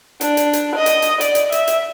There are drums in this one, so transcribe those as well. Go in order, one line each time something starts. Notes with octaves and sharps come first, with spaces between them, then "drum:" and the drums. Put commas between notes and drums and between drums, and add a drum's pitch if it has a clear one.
D4, drum: hi-hat
drum: hi-hat
drum: hi-hat
D#5
drum: hi-hat
drum: hi-hat
D5, drum: hi-hat
drum: hi-hat
E5, drum: hi-hat
drum: hi-hat